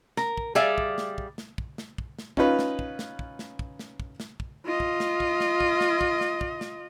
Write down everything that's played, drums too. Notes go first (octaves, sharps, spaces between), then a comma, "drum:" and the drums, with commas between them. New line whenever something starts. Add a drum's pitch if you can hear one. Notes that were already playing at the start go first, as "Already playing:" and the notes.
A#4, drum: snare
drum: kick
G3 G#4 D5 E5 F5, drum: snare
drum: kick
drum: snare
drum: kick
drum: snare
drum: kick
drum: snare
drum: kick
drum: snare
C#4 D#4 F4 B4, drum: kick
drum: snare
drum: kick
drum: snare
drum: kick
drum: snare
drum: kick
drum: snare
drum: kick
drum: snare
drum: kick
F4 D#5
drum: kick
drum: snare
drum: kick
drum: snare
drum: kick
drum: snare
drum: kick
drum: snare
drum: kick
drum: snare